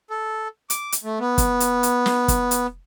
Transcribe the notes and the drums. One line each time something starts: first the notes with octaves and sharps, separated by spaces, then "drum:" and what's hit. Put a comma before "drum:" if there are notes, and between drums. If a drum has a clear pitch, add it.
A4
D6, drum: hi-hat
drum: hi-hat
A3
B3
drum: kick, hi-hat
drum: hi-hat
drum: hi-hat
drum: snare
drum: kick, hi-hat
drum: hi-hat